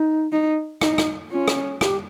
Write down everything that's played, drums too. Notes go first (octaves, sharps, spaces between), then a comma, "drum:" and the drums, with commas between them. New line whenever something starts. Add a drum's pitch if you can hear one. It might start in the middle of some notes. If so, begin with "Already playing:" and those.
Already playing: D#4
D#4
D#4, drum: rim click
drum: rim click
C#4 F4
drum: rim click
G4, drum: rim click